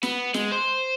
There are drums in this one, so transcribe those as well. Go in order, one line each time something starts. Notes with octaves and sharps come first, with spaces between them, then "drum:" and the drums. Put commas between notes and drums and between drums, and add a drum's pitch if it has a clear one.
B3, drum: snare
G#3, drum: snare
C5